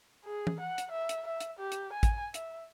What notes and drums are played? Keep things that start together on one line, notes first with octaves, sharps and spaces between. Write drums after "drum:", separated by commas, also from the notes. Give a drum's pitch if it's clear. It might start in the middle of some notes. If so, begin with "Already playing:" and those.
G#4
drum: tom E3
F#5
drum: hi-hat
E5
drum: hi-hat
E5
drum: hi-hat
G4
drum: hi-hat
G#5
drum: kick, hi-hat
E5, drum: hi-hat